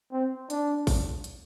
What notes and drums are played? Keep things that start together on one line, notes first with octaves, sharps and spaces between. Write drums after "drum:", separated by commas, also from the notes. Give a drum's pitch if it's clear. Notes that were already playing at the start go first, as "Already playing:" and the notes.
C4
D4, drum: hi-hat
drum: kick A1, open hi-hat
drum: hi-hat